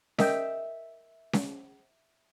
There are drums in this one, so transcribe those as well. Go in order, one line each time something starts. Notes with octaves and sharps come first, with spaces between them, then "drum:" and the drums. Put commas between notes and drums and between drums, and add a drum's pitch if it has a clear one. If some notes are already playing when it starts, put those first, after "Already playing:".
A#4 D#5 E5 G5, drum: snare C#4
drum: snare C#4